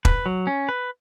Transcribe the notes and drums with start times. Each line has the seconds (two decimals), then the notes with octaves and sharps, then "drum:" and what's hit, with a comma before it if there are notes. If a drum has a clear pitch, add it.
0.05 B4, drum: kick E1
0.26 F#3
0.47 C#4
0.69 B4